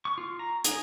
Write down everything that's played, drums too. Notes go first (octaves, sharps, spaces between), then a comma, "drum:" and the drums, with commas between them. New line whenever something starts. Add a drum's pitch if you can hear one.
C#6
F4
A#5
G#4, drum: hi-hat